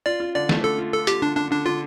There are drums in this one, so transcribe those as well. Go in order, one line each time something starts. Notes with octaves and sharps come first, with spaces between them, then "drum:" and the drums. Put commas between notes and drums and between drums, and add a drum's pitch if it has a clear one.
F4 D5
F4
D3 D5
A3, drum: snare
D3 A4
F4
F4 A4
F4 G4, drum: hi-hat
D3 D4
D3 D4
D3 D4
D3 F4